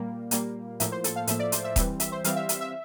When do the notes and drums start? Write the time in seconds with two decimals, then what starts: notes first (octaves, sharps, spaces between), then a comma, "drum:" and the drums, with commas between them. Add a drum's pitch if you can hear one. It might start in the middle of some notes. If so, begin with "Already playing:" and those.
Already playing: A#2 G3 A#3
0.31 A#2 G3 A#3, drum: hi-hat
0.80 A2 F3 A#3 E5, drum: hi-hat
0.92 C5
1.04 A4, drum: hi-hat
1.16 F5
1.27 A2 F3 A#3 E5, drum: hi-hat
1.39 D5
1.52 C5, drum: hi-hat
1.64 E5
1.76 E3 G3 C4 E5, drum: kick D#1, hi-hat
2.00 E5, drum: hi-hat
2.12 C5
2.24 E3 G3 C4 F5, drum: hi-hat
2.36 E5
2.49 E5, drum: hi-hat
2.61 E5